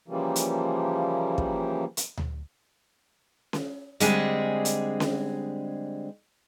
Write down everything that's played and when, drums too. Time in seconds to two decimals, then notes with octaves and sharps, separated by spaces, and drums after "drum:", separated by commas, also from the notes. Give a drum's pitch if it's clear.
0.08 C#3 E3 F3 G3 A#3
0.36 drum: hi-hat
1.38 drum: kick
1.97 drum: hi-hat
2.17 drum: tom D2
3.53 drum: snare C#4
4.00 D3 G3 G#3 C4 G#4, drum: hi-hat
4.65 drum: hi-hat
5.00 drum: snare C#4